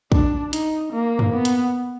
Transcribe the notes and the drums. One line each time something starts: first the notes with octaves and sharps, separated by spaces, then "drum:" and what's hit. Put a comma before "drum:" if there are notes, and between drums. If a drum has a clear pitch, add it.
D4, drum: kick
D#4, drum: hi-hat
A#3
drum: tom F#2
B3
drum: hi-hat